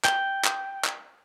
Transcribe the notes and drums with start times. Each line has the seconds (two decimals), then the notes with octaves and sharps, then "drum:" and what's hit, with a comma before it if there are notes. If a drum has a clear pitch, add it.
0.05 G5, drum: clap
0.45 drum: clap
0.85 drum: clap